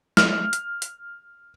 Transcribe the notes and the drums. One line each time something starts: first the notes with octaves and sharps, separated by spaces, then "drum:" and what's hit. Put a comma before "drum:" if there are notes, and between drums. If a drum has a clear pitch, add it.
F6, drum: snare
drum: hi-hat
drum: hi-hat